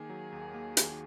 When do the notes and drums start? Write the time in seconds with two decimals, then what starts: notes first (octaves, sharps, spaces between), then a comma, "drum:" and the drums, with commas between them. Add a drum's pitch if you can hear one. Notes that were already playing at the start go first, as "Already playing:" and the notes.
Already playing: D#3 A#3 G#4
0.10 F#3
0.32 D#2
0.54 A#3
0.77 D#3, drum: hi-hat